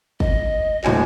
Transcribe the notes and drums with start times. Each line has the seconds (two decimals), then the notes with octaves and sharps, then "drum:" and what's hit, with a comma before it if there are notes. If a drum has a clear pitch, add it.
0.20 D#5, drum: kick
0.84 D#1 A2 F#4 G#5, drum: clap